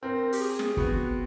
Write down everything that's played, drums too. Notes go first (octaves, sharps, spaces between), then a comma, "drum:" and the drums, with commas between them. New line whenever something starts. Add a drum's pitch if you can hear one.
C4 A#4
G4, drum: open hi-hat
G#4
drum: snare
B3 F#4, drum: kick